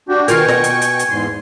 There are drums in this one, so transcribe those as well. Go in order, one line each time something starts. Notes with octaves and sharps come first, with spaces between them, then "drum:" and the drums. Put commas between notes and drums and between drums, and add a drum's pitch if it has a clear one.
D4 F#4 G4
B2 D#3 F4 A#4 G5 G#5 C#6, drum: hi-hat
D#5, drum: snare
drum: hi-hat
drum: hi-hat
drum: hi-hat
E2 G#2 C6